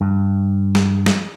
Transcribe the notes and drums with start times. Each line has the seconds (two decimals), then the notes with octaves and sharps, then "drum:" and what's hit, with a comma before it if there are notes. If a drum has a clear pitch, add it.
0.01 G2
0.75 drum: snare
1.06 drum: snare